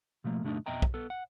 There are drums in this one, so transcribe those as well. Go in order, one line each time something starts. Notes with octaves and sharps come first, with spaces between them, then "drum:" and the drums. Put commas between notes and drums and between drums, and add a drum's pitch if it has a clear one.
B2 F3 A3 A#3
B1 G2 D3 A3 D4 D#4
F2 B2 D#5 E5 G5 A#5
drum: kick
B3 A4
F#5